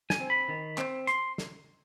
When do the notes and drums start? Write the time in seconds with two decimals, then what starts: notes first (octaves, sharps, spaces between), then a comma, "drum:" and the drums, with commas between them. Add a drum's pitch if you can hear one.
0.10 G#5, drum: snare
0.20 C4
0.30 B5
0.48 D#3
0.78 C4, drum: clap
1.07 C6, drum: hi-hat
1.38 drum: snare